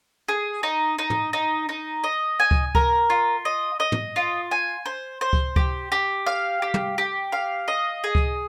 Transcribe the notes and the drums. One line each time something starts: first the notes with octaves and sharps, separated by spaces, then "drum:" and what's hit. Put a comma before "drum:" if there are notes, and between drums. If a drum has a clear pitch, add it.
G#4
D#4
D#4
drum: tom
D#4
D#4
D#5
G#5
drum: kick C#2
A#4, drum: kick C#2
F4
D#5
D#5
drum: tom
F4
G#5
C5
C5
drum: kick C#2
G4, drum: kick C#2
G4
F5
G4
drum: tom
G4
F5
D#5
G#4
drum: kick C#2